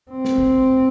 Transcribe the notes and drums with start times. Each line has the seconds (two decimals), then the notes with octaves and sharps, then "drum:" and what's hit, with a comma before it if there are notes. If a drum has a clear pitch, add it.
0.11 C4
0.25 drum: snare
0.38 drum: kick